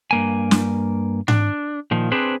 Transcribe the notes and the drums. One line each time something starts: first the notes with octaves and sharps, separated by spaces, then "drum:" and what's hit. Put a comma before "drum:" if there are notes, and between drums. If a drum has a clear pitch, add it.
G2 A#3 G#5
drum: snare
D4, drum: tom G#2
A#2 D#3 F3
C4 D4 G#4 B4 C5